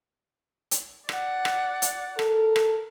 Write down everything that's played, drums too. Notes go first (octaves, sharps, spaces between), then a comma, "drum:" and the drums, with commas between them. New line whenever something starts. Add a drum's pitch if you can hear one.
drum: hi-hat
D5 F#5, drum: rim click
drum: rim click
drum: hi-hat
A4 A#4, drum: rim click
drum: rim click